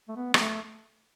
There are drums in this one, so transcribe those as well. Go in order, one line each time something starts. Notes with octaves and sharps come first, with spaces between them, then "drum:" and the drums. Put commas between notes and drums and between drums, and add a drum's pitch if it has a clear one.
A3
B3
B3, drum: rim click
A3